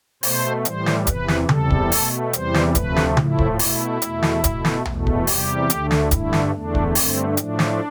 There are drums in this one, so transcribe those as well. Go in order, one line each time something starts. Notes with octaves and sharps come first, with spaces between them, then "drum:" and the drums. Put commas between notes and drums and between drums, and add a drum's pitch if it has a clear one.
B2 A3 C5, drum: open hi-hat
A2 E3 G3 C5, drum: hi-hat
drum: snare
E2 C3 E3 B4, drum: kick, hi-hat
drum: snare
E2 C3 G3 A4, drum: tom C#3
drum: kick
B2 A3, drum: open hi-hat
E2 C3 E3 G3 C5, drum: hi-hat
drum: snare
D2 C3 F3 A3 B4, drum: kick, hi-hat
drum: snare
A2 F3 A3 E4, drum: tom C#3
drum: kick
B2 A3 E4, drum: open hi-hat
E2 B2 A3, drum: hi-hat
drum: snare
B2 A3, drum: kick, hi-hat
drum: snare
E2 B2 A3, drum: tom B1
drum: kick
E2 C3 G3 G4, drum: open hi-hat
D2 D3 A3, drum: hi-hat
drum: snare
G2 D3 A3 E4, drum: kick, hi-hat
drum: snare
E2 D3 A3 D4
drum: kick
G2 D3 A3 C4, drum: open hi-hat
A2 F3 A3 D4, drum: hi-hat
drum: snare